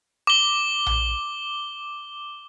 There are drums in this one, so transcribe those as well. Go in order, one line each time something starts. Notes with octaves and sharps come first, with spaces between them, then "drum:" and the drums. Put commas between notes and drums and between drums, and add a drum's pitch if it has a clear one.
D6 G7
drum: tom A#1